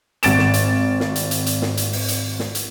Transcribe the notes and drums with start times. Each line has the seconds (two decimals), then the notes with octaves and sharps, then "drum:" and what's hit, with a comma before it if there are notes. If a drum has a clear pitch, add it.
0.23 G#1 A6 D7 E7, drum: hi-hat
0.38 drum: snare
0.54 drum: hi-hat
1.00 drum: snare
1.16 drum: hi-hat
1.31 drum: hi-hat
1.46 drum: hi-hat
1.62 drum: snare
1.77 drum: hi-hat
1.93 drum: open hi-hat
2.08 drum: hi-hat
2.39 drum: snare
2.55 drum: hi-hat